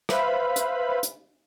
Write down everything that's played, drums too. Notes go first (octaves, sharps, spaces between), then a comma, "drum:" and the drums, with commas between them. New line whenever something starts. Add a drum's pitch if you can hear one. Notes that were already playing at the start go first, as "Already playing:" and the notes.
B4 C5 E5 F5 B5, drum: rim click
drum: hi-hat
drum: hi-hat